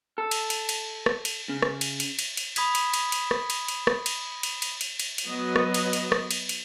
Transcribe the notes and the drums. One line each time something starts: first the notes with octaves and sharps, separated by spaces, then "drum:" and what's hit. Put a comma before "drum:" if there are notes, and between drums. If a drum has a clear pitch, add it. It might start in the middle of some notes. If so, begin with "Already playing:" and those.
A4
drum: cymbal
drum: cymbal
drum: cymbal
drum: rim click
drum: cymbal
C#3
drum: rim click
drum: cymbal
drum: cymbal
drum: cymbal
drum: cymbal
B5 D#6 G#6 B6, drum: cymbal
drum: cymbal
drum: cymbal
drum: cymbal
drum: rim click
drum: cymbal
drum: cymbal
drum: rim click
drum: cymbal
drum: cymbal
drum: cymbal
drum: cymbal
drum: cymbal
drum: cymbal
F#3 B3 D#5
drum: rim click
drum: cymbal
drum: cymbal
drum: rim click
drum: cymbal
drum: cymbal